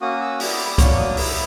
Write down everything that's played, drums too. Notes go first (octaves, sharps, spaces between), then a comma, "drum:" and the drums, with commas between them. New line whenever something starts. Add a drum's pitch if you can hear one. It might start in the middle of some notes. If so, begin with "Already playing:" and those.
A#3 C#4 F#4 D#6
E6
G3 B3 E4 D#6, drum: open hi-hat
D6
D6
F#3 A#3 D4 C#6, drum: kick C2, hi-hat
D#6
B3 E4 E6, drum: open hi-hat